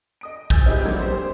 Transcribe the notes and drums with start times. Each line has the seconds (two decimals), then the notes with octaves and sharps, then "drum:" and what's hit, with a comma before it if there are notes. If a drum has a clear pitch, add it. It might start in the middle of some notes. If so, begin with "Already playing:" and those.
0.21 D#5 D#6 D7
0.50 G#5 E6 F6 G6 A6, drum: kick A1
0.66 C4 D#4 E4 G4 G#4 B4
0.83 D2 F#3 G3 A#3 D4
0.99 G4 C5